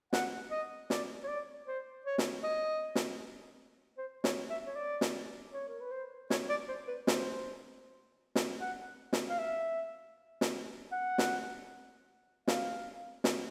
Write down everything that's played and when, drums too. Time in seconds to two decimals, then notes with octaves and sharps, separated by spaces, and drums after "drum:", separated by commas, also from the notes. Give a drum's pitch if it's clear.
0.13 F#5, drum: snare
0.51 D#5
0.90 D5, drum: snare
1.24 C#5
1.28 D5
1.67 C5
2.05 C#5
2.18 drum: snare
2.43 D#5
2.95 drum: snare
3.98 C5
4.24 C#5, drum: snare
4.50 E5
4.67 C#5
4.76 D5
5.01 drum: snare
5.53 C#5
5.69 A#4
5.80 B4
5.91 C5
6.30 C#5, drum: snare
6.49 D5
6.68 C5
6.88 B4
7.07 C5, drum: snare
8.35 drum: snare
8.61 F#5
9.13 drum: snare
9.29 F5
9.38 E5
10.41 drum: snare
10.92 F#5
11.18 drum: snare
12.47 F5, drum: snare
13.24 drum: snare